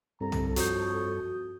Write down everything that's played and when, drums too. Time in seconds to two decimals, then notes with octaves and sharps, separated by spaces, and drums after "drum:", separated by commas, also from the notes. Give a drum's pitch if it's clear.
0.20 C2 G2 A4 A#5
0.32 drum: tom
0.56 F2 F#4 C#5 D#6 G6, drum: hi-hat